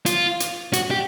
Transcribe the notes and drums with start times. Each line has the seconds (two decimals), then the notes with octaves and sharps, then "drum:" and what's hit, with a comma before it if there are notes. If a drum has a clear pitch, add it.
0.06 F4, drum: hi-hat
0.40 drum: hi-hat
0.73 F#4, drum: hi-hat
0.91 G4